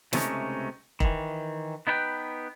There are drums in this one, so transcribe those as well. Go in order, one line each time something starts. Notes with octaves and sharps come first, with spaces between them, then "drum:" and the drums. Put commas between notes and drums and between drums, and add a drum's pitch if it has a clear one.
C#2 C3 A3 B3 C#4 D#4, drum: snare
D#3 E3, drum: kick E1
B3 D#4 E4 B4 G5